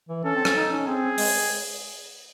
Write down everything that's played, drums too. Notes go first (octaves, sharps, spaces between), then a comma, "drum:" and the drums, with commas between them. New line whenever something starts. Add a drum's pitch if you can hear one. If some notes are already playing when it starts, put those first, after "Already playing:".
E3
C#4 A4
C4
C#4, drum: rim click
D#4
C#4
C4 G#4
G#3, drum: open hi-hat